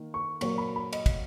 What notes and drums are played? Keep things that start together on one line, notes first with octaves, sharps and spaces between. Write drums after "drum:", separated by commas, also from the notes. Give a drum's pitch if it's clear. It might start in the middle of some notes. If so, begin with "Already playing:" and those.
Already playing: D#3 A#3
C#6
A#2 F#3 A#3 C#6, drum: cymbal
B5
B5
D#5, drum: cymbal
drum: kick, cymbal